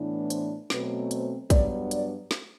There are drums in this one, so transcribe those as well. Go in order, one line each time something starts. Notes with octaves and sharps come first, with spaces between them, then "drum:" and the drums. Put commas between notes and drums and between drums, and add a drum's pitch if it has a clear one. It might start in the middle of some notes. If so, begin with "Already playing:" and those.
Already playing: A2 E3 B3 D4
C5, drum: hi-hat
B2 F#3 A3 C4 B4, drum: snare
C5, drum: hi-hat
G2 F#3 B3 D4 D5, drum: kick, hi-hat
D5, drum: hi-hat
drum: snare